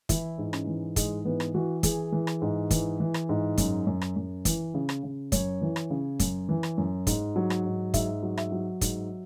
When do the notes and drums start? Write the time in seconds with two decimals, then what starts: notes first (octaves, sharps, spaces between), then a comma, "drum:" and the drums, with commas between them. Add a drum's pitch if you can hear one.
0.09 E3 E4, drum: kick, hi-hat
0.38 G#2
0.53 C#4, drum: rim click
0.67 E3
0.96 G#2 G#3, drum: kick, hi-hat
1.25 E3 B3
1.40 drum: rim click
1.54 E3 F#4
1.83 E3 G#4, drum: kick, hi-hat
2.12 E3
2.27 drum: rim click
2.42 G#2
2.71 E3, drum: kick, hi-hat
3.00 E3
3.14 drum: rim click
3.29 G#2
3.58 F#2, drum: kick, hi-hat
3.87 F#2
4.01 drum: rim click
4.16 F#2
4.45 E3, drum: kick, hi-hat
4.74 C#3
4.89 drum: rim click
5.03 C#3
5.32 F#2 C#5, drum: kick, hi-hat
5.61 E3
5.76 drum: rim click
5.90 C#3
6.20 F#2, drum: kick, hi-hat
6.49 E3
6.63 drum: rim click
6.78 F#2
7.07 G#2, drum: kick, hi-hat
7.36 F#3
7.50 drum: rim click
7.65 G#2
7.94 G#2 E5, drum: kick, hi-hat
8.23 F#3
8.37 E5, drum: rim click
8.52 F#3
8.81 G#2, drum: kick, hi-hat